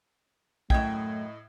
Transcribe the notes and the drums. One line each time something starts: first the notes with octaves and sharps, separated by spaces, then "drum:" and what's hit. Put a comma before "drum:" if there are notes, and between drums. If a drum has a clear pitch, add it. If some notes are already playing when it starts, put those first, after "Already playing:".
F#2 A2 A3 D#5 G5 G#6, drum: kick